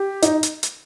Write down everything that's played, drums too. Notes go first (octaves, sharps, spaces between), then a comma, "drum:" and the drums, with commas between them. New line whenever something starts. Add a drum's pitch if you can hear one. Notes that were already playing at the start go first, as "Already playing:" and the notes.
Already playing: G4
D#4, drum: hi-hat
drum: hi-hat
drum: hi-hat